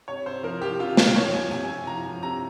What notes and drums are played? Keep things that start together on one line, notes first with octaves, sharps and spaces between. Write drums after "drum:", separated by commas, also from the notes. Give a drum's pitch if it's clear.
C3 C#5
C3 C5
F3 A#4
F3 G4
C3 F4
C3 F4, drum: snare
F3 C#5
F3 G#5
C3 G#5
C3
F3 A#5
F3
C3 A#5